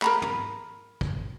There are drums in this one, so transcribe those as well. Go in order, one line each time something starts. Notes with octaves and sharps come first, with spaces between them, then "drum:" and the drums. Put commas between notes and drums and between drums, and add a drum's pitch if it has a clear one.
A#4 A#5 B5, drum: clap
drum: tom
drum: kick